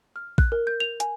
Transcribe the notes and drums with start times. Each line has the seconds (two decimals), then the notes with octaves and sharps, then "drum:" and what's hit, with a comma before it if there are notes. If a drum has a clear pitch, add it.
0.16 F6
0.38 F#6, drum: kick A#1
0.52 A#4
0.67 G6
0.80 F7
1.00 G#5, drum: hi-hat